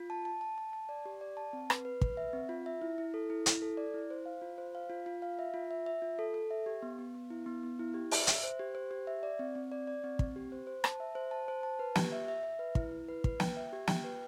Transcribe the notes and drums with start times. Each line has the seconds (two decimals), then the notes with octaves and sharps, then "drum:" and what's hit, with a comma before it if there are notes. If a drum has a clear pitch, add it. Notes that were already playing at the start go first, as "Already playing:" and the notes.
Already playing: F4
0.10 A5
0.25 A5
0.41 A5
0.58 A5
0.73 A5
0.89 D5
1.06 G4
1.21 D5
1.37 A5
1.53 C4
1.70 B4, drum: rim click
1.85 B4
2.01 B4, drum: kick
2.17 E5
2.33 C4
2.49 F4
2.66 E5
2.81 E4
2.98 E4
3.14 A4
3.30 E4
3.46 E4, drum: hi-hat
3.62 A4
3.77 D5
3.94 E4
4.10 C5
4.26 F5
4.42 F4
4.58 C5
4.75 F5
4.90 F4
5.06 F4
5.22 F5
5.39 E5
5.54 F4
5.71 E5
5.86 E5
6.02 F4
6.19 A4
6.34 A4
6.51 E5
6.66 G4
6.82 B3
6.99 B3
7.15 B3
7.30 E4
7.46 B3
7.63 B3
7.79 E4
7.94 G4
8.11 E5, drum: open hi-hat
8.27 E5, drum: hi-hat
8.43 C5
8.59 G4
8.75 C5
8.91 G4
9.07 E5
9.23 D5
9.39 C4
9.55 C4
9.72 D5
9.87 D5
10.04 C4
10.19 C4, drum: kick
10.36 G4
10.52 C5
10.67 C5
10.84 A5, drum: rim click
11.00 E5
11.15 C5
11.31 A5
11.48 C5
11.63 A5
11.79 B4
11.95 G4, drum: snare
12.12 E5
12.28 E5
12.43 E5
12.59 B4
12.75 E4, drum: kick
12.92 E4
13.08 B4
13.24 B4, drum: kick
13.40 G5, drum: snare
13.57 E5
13.73 G4
13.87 G5, drum: snare
14.04 B4